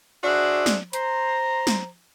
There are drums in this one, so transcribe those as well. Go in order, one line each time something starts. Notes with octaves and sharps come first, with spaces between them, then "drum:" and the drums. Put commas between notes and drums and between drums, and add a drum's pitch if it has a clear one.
D4 F#4 G#4 C5 E5
drum: snare
C5 A#5, drum: hi-hat
drum: snare